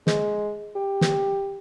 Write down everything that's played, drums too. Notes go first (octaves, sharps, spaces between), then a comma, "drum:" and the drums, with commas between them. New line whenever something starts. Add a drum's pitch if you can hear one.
G#3, drum: snare
G4
drum: snare